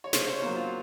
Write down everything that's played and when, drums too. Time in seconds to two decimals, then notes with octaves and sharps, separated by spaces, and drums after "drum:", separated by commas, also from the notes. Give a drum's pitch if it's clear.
0.04 C#5
0.13 C#3 C5, drum: snare
0.27 C#5
0.42 F#3 A#3 C5
0.56 F4